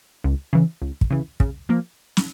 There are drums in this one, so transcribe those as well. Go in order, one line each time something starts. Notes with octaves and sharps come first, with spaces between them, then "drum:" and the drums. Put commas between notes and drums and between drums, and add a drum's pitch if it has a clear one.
C#2
C#3 E3
C#2
drum: kick
C#3 E3
C#3, drum: kick
F3 A#3
drum: snare